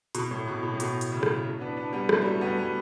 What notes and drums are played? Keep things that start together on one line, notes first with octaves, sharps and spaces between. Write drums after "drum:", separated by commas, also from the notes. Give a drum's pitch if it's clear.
B2, drum: hi-hat
A2
B2
B2
A2
B2, drum: hi-hat
drum: hi-hat
A2 C#3
drum: rim click
F#3 A3
B3 D4
B3 D4
G3 B3
F#3 A3, drum: rim click
G3
F#3 A3
G3 B3
G3 B3